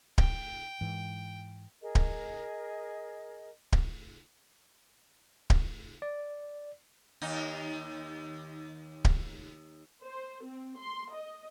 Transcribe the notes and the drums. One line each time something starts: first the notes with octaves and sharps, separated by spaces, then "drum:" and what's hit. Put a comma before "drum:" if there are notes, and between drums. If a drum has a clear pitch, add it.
G5, drum: kick D1
G#2 E3
G#4 A#4 D#5
drum: kick D1
drum: kick D1
drum: kick D1
D5
D#2 D#4
drum: kick D1
C5
C4
C6
D#5